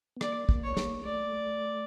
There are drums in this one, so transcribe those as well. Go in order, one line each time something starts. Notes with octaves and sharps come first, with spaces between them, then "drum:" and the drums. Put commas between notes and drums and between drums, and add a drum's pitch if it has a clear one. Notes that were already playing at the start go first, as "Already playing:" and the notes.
B3
A#3 D5, drum: rim click
A#3, drum: kick
C#5
A#3, drum: snare
A3 D5